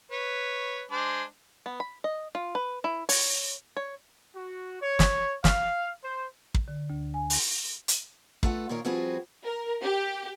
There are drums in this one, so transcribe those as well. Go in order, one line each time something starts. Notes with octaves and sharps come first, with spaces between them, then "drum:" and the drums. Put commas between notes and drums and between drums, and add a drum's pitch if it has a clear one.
B4 C#5
G#3 D4 C5
B3
B5
D#5
F4
B4
E4
C#5, drum: open hi-hat
C#5
F#4
C#5
drum: snare
F5, drum: snare
C5
drum: kick
D3
D2
G#5
drum: open hi-hat
drum: hi-hat
A3 F4 A4 B4 F#5, drum: kick
A#2 D#3 F4 A#4 C#5
F3 G3 C4 F#4 G#4 B4
A#4
G4